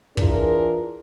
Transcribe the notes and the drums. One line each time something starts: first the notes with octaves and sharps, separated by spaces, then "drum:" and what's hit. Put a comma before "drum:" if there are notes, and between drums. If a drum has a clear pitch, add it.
E3 D4 F4 G#4 A#4, drum: kick